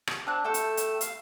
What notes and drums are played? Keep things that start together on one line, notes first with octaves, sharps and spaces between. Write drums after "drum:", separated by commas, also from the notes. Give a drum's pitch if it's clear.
drum: rim click
C4 D4 F#6
A3 A4 G5 E6
drum: hi-hat
drum: hi-hat
F5, drum: hi-hat